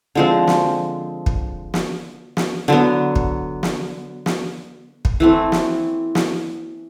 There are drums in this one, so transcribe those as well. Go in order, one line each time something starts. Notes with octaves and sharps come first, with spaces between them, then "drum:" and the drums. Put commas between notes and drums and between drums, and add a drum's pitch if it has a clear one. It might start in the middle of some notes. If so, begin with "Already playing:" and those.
D3 F3 G#3 C4
drum: snare
drum: kick
drum: snare
drum: snare
D3 F#3 B3
drum: kick
drum: snare
drum: snare
drum: kick
E3 A3 C4
drum: snare
drum: snare